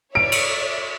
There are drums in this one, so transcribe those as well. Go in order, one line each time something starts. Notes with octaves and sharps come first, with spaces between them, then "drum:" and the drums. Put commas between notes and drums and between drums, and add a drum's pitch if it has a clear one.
C#5 D5 E5 D7
drum: cymbal